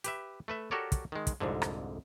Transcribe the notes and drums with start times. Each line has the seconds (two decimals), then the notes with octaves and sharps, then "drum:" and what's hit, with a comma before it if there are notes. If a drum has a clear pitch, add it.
0.04 G4 B4 E5, drum: hi-hat
0.48 A3 B4 E5
0.71 F#4 G4 A4 A#4 C#5 D5
0.92 drum: kick, hi-hat
1.12 D#3 G#3
1.27 drum: kick, hi-hat
1.40 C2 F2 G#2 D3
1.62 drum: rim click